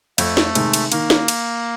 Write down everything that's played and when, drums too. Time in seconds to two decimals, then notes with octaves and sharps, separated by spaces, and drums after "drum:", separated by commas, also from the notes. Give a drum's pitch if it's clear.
0.18 F2 A3, drum: cymbal
0.37 drum: snare
0.55 C3 D#3 G#3, drum: cymbal
0.73 drum: cymbal
0.92 D#3 A#3, drum: cymbal
1.10 drum: snare
1.28 drum: cymbal